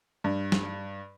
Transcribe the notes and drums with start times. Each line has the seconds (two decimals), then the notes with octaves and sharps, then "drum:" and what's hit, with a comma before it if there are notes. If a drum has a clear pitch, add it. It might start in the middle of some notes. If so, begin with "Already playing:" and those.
0.24 G2
0.52 drum: snare